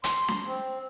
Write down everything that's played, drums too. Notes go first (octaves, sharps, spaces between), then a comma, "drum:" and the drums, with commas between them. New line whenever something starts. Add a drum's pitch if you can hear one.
C6, drum: hi-hat
drum: snare
C4